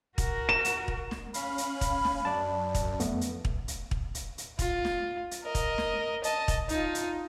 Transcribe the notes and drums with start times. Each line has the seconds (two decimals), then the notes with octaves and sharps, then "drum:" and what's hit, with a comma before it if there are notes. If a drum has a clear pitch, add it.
0.18 F#4 A#4, drum: kick, hi-hat
0.49 E7
0.65 drum: hi-hat
0.88 drum: kick
1.11 drum: snare
1.34 C#4 F5 B5, drum: hi-hat
1.58 drum: hi-hat
1.81 drum: kick, hi-hat
2.05 drum: snare
2.25 F#2 D5 A5
2.75 drum: kick, hi-hat
3.00 F2 A3 B3, drum: hi-hat
3.21 drum: hi-hat
3.45 drum: kick
3.68 drum: hi-hat
3.91 drum: kick
4.15 drum: hi-hat
4.38 drum: hi-hat
4.59 F4, drum: kick, hi-hat
4.85 drum: snare
5.31 drum: hi-hat
5.43 A#4 D#5
5.55 drum: kick, hi-hat
5.78 drum: snare
6.24 D#5 A5, drum: hi-hat
6.48 drum: kick, hi-hat
6.69 D#4 F4, drum: hi-hat
6.95 drum: hi-hat